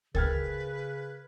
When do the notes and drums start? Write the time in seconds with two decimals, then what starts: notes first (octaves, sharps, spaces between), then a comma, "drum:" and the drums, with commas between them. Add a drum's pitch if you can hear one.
0.15 C#3 A#4 B4 G5 F6 G#6 A6, drum: kick C#2